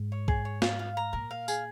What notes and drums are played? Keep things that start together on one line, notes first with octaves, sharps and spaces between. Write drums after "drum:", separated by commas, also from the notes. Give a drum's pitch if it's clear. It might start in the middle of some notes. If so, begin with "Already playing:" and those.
Already playing: G#2
C#5
G#4, drum: kick A#1
C#5
F4, drum: snare
F5
A#5
A#2 A#4
F5
G#4, drum: tambourine